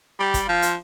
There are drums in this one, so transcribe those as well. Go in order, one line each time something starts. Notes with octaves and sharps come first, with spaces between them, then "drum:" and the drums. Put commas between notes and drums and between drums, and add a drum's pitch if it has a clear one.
G3 G4
drum: kick, hi-hat
F3 F4
drum: hi-hat